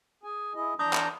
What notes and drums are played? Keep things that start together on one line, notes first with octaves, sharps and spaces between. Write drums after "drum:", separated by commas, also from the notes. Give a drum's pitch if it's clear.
G#4 G#5
E4 G#4 D#5
E3 D4 A#5 D#6 G6
drum: clap